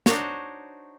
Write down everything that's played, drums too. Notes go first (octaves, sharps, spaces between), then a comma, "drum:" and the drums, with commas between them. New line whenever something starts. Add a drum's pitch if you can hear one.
D4 D#4 F#4 C5 C#5, drum: snare